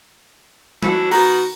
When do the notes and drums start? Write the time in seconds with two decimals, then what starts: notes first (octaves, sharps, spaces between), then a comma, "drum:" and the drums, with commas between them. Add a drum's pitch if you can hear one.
0.83 D4 E4 F#4, drum: tom G3
1.11 D#3 B3 F#4 A#4, drum: open hi-hat